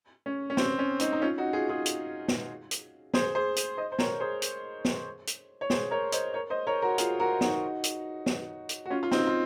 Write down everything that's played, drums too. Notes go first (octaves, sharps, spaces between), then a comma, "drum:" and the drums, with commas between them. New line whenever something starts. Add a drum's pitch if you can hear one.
C#4
C#4
C4, drum: snare
C#4
C4 D#4, drum: hi-hat
D#4
C#4 F4
D#4 F#4
F4 G#4
F4 G#4
drum: hi-hat
drum: snare
drum: hi-hat
G#4 C5, drum: snare
G#4 C5
drum: hi-hat
C5 D#5
C5
A#4 C#5, drum: snare
G#4 C5
drum: hi-hat
drum: snare
drum: hi-hat
C#5
G#4 C5, drum: snare
A#4 C#5
C5 D#5, drum: hi-hat
A#4 C#5
C5 D#5
A#4 C#5
F#4 A#4
F4 G#4, drum: hi-hat
F#4 A#4
D#4 F#4, drum: snare
drum: hi-hat
drum: snare
drum: hi-hat
F#4
C#4 F4
F4
C4 D#4, drum: snare
F4